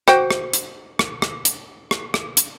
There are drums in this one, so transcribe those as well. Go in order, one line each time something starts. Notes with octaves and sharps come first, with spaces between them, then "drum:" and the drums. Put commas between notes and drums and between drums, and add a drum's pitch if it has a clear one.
F#4 C5 G5, drum: rim click
drum: rim click
drum: hi-hat
drum: rim click
drum: rim click
drum: hi-hat
drum: rim click
drum: rim click
drum: hi-hat